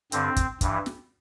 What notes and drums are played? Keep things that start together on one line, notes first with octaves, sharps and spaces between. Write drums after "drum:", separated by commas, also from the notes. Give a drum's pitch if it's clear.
G2 D3 C4, drum: hi-hat
drum: kick, hi-hat
G2 E3, drum: kick, hi-hat
drum: snare